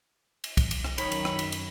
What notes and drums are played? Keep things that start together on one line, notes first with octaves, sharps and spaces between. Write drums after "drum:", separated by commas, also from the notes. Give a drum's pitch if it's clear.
drum: cymbal
drum: kick, cymbal
drum: cymbal
drum: rim click
F#2 D#3 C#5 B5, drum: cymbal
drum: cymbal
drum: rim click
drum: cymbal
drum: cymbal